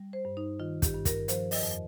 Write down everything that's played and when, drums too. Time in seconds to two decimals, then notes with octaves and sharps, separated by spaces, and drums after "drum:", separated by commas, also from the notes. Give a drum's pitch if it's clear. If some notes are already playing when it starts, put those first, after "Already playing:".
Already playing: G3
0.13 C5
0.25 G2
0.37 D#4
0.59 D#3 F4
0.82 G4, drum: kick, hi-hat
0.94 G2
1.05 A#4, drum: kick, hi-hat
1.28 F3 C5, drum: hi-hat
1.51 D#5, drum: open hi-hat
1.62 F2